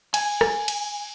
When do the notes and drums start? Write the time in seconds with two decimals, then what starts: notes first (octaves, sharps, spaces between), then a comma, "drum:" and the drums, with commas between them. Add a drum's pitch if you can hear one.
0.14 G#5, drum: cymbal
0.41 drum: rim click
0.68 drum: cymbal